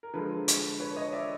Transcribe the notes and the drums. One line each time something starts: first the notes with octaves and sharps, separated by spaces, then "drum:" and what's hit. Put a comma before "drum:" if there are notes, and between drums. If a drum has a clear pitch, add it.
A#4
D3 F3 G#3 A4 B4
drum: hi-hat
B4 C#5
C#5 D#5
D5 E5